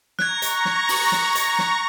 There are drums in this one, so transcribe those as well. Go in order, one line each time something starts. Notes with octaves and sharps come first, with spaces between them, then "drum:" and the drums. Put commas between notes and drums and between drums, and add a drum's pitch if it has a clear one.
A#5 C#6 F#6 G#6 A#6, drum: snare
drum: hi-hat
drum: snare
drum: open hi-hat
drum: snare
drum: hi-hat
drum: snare